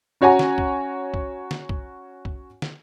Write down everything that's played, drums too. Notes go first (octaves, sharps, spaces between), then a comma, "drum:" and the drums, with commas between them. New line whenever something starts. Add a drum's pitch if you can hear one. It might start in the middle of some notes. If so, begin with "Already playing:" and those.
C#4 F#4 C#5 F#5 G#5 A#5
drum: snare
drum: kick
drum: kick
drum: snare
drum: kick
drum: kick
drum: snare